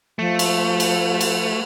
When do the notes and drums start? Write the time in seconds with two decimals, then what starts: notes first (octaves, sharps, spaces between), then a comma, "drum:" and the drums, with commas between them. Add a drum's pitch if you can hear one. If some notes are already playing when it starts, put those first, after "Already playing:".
0.19 F3 A3
0.39 drum: cymbal
0.80 drum: cymbal
1.21 drum: cymbal